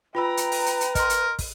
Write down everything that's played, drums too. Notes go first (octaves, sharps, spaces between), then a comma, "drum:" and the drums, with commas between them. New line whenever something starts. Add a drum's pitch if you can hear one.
F4 B4 G5 A#5 B5 E6
drum: hi-hat
drum: open hi-hat
drum: hi-hat
drum: hi-hat
A#4 D#5 C6, drum: kick, hi-hat
drum: hi-hat
drum: kick, open hi-hat